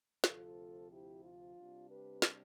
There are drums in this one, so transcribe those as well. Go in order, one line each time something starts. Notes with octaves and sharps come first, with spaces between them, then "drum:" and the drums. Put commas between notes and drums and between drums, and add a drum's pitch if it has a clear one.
D2 C3 F3 C4 F4 A4, drum: snare
E4 G4
F4
C3 G3 D4
G4 B4
drum: snare